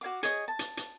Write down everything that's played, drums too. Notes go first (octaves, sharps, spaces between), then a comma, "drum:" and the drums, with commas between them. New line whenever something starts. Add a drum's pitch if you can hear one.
F#4 C#5 F5 D6
G#4 C#5 D#5 D#6, drum: hi-hat
A5
drum: hi-hat
drum: hi-hat